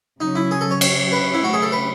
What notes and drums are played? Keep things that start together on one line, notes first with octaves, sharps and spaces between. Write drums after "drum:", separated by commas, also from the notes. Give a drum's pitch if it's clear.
C#3 F#3 C#4 D#4
E4
G#4
A4
C#5
C#5, drum: cymbal
B4
E4
C#3 F#3 A3 F#4
G#4
A4
B4